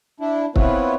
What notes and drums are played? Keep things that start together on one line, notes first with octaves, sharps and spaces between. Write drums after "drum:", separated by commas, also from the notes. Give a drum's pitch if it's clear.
D4 E4
B3 C4 E4 F4 B4 C#5, drum: kick